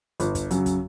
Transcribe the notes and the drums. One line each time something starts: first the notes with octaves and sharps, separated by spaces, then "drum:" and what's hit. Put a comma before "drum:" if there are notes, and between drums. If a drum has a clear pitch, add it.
G1, drum: hi-hat
drum: kick, hi-hat
F#2 C#3 F#3, drum: hi-hat
drum: kick, hi-hat